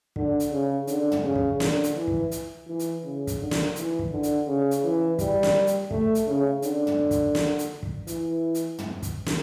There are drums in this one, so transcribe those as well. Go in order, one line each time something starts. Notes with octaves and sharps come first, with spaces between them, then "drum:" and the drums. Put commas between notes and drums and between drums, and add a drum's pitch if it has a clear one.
D3, drum: kick
drum: hi-hat
C#3
D3, drum: hi-hat
drum: tom
C#3
drum: kick
D3, drum: snare
drum: hi-hat
E3
drum: kick
drum: hi-hat
E3
drum: hi-hat
C#3
drum: kick, hi-hat
D3
drum: snare
E3, drum: hi-hat
drum: kick
D3
drum: hi-hat
C#3
drum: hi-hat
E3
G3, drum: kick, hi-hat
drum: snare
drum: hi-hat
A3, drum: kick
drum: hi-hat
C#3
D3, drum: hi-hat
drum: tom
drum: kick, hi-hat
drum: snare
drum: hi-hat
drum: kick
E3, drum: hi-hat
drum: hi-hat
drum: tom
drum: kick, hi-hat
drum: snare